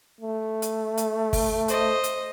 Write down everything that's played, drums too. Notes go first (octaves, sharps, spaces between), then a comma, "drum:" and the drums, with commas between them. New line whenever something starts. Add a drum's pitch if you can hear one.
A3
drum: hi-hat
drum: hi-hat
drum: kick, open hi-hat
C5 D#5, drum: hi-hat
drum: hi-hat